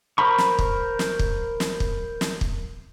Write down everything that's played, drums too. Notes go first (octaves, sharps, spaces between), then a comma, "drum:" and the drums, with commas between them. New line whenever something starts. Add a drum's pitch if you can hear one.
A#4 C5 A#5 B5 C#6
drum: snare
drum: kick
drum: snare
drum: kick
drum: snare
drum: kick
drum: snare
drum: kick